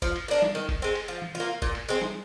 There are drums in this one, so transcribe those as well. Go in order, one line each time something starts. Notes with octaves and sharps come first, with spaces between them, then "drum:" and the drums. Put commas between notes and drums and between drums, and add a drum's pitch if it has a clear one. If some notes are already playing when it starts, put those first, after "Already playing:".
F3, drum: kick F#1
drum: cymbal
A#3 D4
drum: snare
D#3
drum: kick F#1, cymbal
G#3 C4
drum: cymbal
F3
drum: tom
F4
A#3
A#2, drum: kick F#1
drum: cymbal
G#3 C4
drum: snare